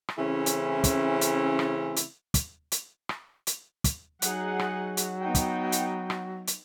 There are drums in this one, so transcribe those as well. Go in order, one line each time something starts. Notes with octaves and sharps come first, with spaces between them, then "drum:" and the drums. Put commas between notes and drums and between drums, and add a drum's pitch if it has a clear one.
drum: rim click
C#3 E3 A3 C4 C#4 E4
drum: hi-hat
drum: kick, hi-hat
drum: hi-hat
drum: rim click
drum: hi-hat
drum: kick, hi-hat
drum: hi-hat
drum: rim click
drum: hi-hat
drum: kick, hi-hat
F#3 D#4 G#4 F#5, drum: hi-hat
drum: rim click
drum: hi-hat
B3 D#4 G5
drum: kick, hi-hat
drum: hi-hat
drum: rim click
drum: hi-hat